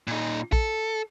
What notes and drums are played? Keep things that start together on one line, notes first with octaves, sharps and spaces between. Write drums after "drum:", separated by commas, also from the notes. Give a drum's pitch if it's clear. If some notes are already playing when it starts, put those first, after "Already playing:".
A#2 D#4
A4, drum: kick A#1